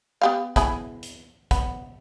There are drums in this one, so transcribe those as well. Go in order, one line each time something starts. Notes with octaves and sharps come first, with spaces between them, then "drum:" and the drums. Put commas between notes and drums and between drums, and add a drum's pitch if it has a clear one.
B3 G4 F5
B3 E4 G#4, drum: kick, hi-hat
drum: hi-hat
B3, drum: kick, hi-hat